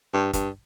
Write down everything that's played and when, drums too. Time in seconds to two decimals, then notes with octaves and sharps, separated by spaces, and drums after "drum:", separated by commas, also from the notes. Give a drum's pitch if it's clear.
0.14 G2
0.33 G2, drum: kick, hi-hat